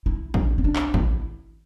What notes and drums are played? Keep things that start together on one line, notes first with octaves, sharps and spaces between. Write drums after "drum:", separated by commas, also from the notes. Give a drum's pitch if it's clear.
E4
D4, drum: kick
C4
D4
drum: clap
E4, drum: kick